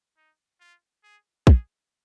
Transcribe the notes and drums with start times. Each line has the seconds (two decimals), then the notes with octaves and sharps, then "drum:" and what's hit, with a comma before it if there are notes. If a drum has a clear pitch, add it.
0.17 D#4
0.60 F4
1.03 G#4
1.47 G#4, drum: kick